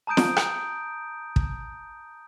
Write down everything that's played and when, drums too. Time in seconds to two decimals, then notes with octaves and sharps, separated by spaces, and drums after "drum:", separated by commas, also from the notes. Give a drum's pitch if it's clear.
0.07 A5 A#5 D#6 G6 D7
0.17 drum: snare
0.36 drum: rim click
1.36 drum: kick